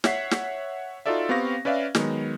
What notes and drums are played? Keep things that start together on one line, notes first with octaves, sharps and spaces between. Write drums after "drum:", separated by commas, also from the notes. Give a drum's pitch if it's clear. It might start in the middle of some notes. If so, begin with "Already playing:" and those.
C#5 E5 F#5 B6 C7, drum: snare
drum: snare
D#4 F4 F#4 A4 D5 E5
B3 C4 G4 F5 C#6 A#6
C#4 B4 D5 E5 F5
D#3 F#3 G#3 B3, drum: snare